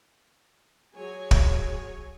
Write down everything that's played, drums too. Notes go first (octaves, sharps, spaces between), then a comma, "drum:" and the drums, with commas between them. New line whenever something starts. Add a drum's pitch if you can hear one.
F#3 G#4 C#5 G#5
drum: kick